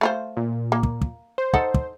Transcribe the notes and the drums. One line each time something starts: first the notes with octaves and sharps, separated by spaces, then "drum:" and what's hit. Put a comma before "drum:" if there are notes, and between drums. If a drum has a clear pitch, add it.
A3 F4 C5
A#2
A#3
drum: kick
drum: kick
C5
D#4 A4 F#5, drum: kick
drum: kick